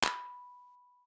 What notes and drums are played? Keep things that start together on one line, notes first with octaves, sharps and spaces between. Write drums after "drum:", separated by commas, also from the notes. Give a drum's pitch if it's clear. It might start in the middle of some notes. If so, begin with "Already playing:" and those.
B5, drum: clap